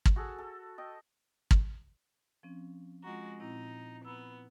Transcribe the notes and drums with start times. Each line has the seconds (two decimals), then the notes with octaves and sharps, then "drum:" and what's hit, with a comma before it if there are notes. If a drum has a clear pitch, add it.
0.05 drum: kick
0.16 F#4 G#4 A4
0.38 A4
0.78 D#5 G5
1.51 drum: kick
2.43 F3 C4 C#4
3.03 G#3 F4 F#4 F#5 A#5
3.40 A#2 C4 D#4 E4
4.05 B3 A#5 B5 E6